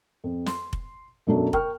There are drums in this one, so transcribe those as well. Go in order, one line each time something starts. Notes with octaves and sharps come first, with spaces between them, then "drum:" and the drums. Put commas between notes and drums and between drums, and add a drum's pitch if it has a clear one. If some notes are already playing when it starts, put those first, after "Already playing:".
F2
C6, drum: snare
drum: kick F1
F#2 B2 F#3 D4 A4
A#4 G5 C#6 F6, drum: kick F1